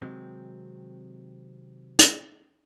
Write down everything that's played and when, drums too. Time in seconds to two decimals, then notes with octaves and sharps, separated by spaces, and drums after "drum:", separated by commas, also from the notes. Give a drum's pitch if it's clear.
0.02 C3 D#3 F#3 G#3 C4
1.99 drum: hi-hat